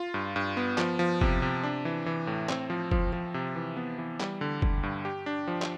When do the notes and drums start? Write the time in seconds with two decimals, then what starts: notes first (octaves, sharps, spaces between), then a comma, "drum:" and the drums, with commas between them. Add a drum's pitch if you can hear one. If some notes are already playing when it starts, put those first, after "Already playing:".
Already playing: F4
0.14 G2
0.36 G2
0.57 B3
0.78 F3, drum: clap
0.99 F3
1.21 C3, drum: kick
1.42 C3
1.63 D4
1.85 E3
2.06 E3
2.27 A2
2.49 C4, drum: clap
2.70 F3
2.91 F3, drum: kick
3.13 F3
3.34 C3
3.56 E3
3.77 B3
3.98 E3
4.20 G3, drum: clap
4.41 D3
4.62 D3, drum: kick
4.83 G2
5.05 G4
5.26 D4
5.47 F3
5.62 drum: clap